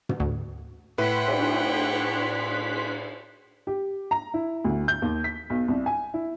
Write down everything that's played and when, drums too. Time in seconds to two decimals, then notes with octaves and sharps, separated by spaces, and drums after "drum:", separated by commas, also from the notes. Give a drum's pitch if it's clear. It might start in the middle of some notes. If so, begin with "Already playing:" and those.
0.09 drum: tom
0.20 D2
0.98 A2 B4 F#5 G5 C6 F#6 B6
1.28 drum: cymbal
3.67 G4
4.11 A#5
4.34 E4
4.64 D2
4.88 G6
5.02 D#2
5.24 B6
5.50 B1
5.68 C2
5.86 G#5
6.14 E4